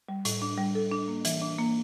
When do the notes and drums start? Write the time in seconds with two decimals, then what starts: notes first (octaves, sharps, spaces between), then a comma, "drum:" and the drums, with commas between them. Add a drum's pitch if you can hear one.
0.09 G3
0.25 A2, drum: hi-hat
0.42 D4
0.58 G3
0.75 A4
0.91 D4
1.08 A#3
1.25 E3, drum: hi-hat
1.42 D4
1.58 A#3